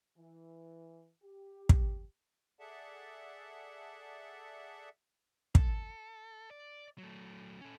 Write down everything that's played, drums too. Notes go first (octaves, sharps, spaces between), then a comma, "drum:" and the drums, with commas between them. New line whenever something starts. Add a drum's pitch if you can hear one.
E3
G4
drum: kick
G#4 A4 D5 E5 F#5 A5
A4, drum: kick
D5
F#3 A3
C#4 A4